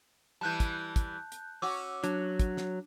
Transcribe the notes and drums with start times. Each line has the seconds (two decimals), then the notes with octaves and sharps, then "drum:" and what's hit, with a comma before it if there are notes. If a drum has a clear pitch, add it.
0.41 E3 G3 A5 F#6 G6
0.60 drum: kick, hi-hat
0.96 drum: kick, hi-hat
1.32 drum: hi-hat
1.62 C#4 F#4 D6 E6
2.04 F#3 D4, drum: hi-hat
2.40 drum: kick, hi-hat
2.57 drum: snare